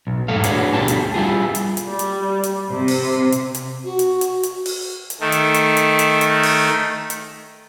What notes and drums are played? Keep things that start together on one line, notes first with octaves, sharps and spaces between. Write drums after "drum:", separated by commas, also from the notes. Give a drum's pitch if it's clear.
B1
E2 G#2 A3 A4 F5
D4 F#4 G#4 B4 C#5 D5, drum: hi-hat
D2 B2 D3 G3 D#4 A5
drum: hi-hat
G3 E4 F4 G#4
drum: hi-hat
drum: hi-hat
G3
drum: hi-hat
drum: hi-hat
C3
drum: open hi-hat
drum: hi-hat
drum: hi-hat
F#4
drum: hi-hat
drum: hi-hat
drum: hi-hat
drum: open hi-hat
drum: hi-hat
D#3 A3
drum: hi-hat
drum: hi-hat
drum: hi-hat
drum: hi-hat
drum: hi-hat
drum: open hi-hat
drum: hi-hat